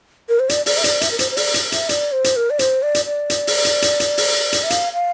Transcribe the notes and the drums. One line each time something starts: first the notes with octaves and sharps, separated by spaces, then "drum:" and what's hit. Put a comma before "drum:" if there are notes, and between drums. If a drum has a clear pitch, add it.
A#4
C5
D5, drum: hi-hat
D5, drum: open hi-hat
E5
D5, drum: hi-hat
E5, drum: hi-hat
A#4
C5, drum: hi-hat
C5
D5, drum: open hi-hat
drum: hi-hat
E5, drum: hi-hat
D5, drum: hi-hat
C5
drum: hi-hat
A#4
D5
C5, drum: hi-hat
D5
drum: hi-hat
D5
drum: hi-hat
drum: open hi-hat
drum: hi-hat
drum: hi-hat
drum: hi-hat
drum: open hi-hat
drum: hi-hat
E5
F5, drum: hi-hat
F5